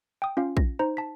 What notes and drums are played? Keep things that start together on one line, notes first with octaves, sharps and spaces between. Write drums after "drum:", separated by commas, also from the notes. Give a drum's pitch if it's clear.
G5 D#6
C#4 F4 F5
A#6, drum: kick A#1
D#4 C5 A#5
A5 B6